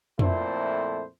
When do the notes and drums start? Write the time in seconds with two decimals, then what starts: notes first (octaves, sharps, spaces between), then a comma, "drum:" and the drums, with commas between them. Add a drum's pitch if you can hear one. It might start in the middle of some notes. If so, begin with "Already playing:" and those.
0.19 F2 A#2 A3 E4 C5, drum: tom F2